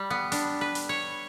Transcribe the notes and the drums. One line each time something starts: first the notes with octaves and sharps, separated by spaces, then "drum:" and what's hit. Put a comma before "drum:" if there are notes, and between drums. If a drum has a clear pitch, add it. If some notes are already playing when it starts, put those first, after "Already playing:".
Already playing: G3
B3
D4, drum: hi-hat
B4
drum: hi-hat
C#5